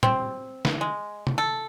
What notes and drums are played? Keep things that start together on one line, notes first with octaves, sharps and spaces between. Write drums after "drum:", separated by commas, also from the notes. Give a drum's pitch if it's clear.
C4, drum: tom
drum: snare
G#3
drum: tom
A4